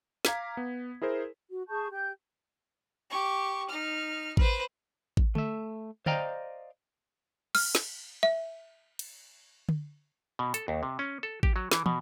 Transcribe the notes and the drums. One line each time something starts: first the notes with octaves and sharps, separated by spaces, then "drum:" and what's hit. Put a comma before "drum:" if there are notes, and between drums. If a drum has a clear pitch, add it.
F5 A#5 D6 G#6 B6, drum: snare
B3
E4 G#4 A#4 C5
F#4
G#4 A5 C#6 G6
G4 G5 G6
G4 C#6
D#4 F6
B4 C5, drum: kick A1
drum: kick A1
A3 E5, drum: tom D3
C5 D5 D#5 F5 G5 A#5, drum: tom D3
F6, drum: cymbal
drum: snare
E5
drum: cymbal
drum: tom D3
B2
A4, drum: hi-hat
D#2
C3
C#4
A4
G4, drum: kick A1
F#3
E3, drum: snare
B2, drum: tom